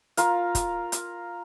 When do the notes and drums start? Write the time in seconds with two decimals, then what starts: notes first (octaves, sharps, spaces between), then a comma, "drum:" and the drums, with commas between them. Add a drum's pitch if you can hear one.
0.17 F4 A#4 F5, drum: hi-hat
0.55 drum: kick, hi-hat
0.92 drum: hi-hat